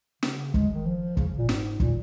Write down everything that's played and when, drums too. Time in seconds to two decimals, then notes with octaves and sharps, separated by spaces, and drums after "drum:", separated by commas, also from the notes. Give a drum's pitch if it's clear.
0.23 C#3, drum: snare
0.54 G#3, drum: kick
0.74 D#3
0.86 F3
1.17 C#3, drum: kick
1.38 A#2
1.49 G#2, drum: snare
1.80 A#2, drum: kick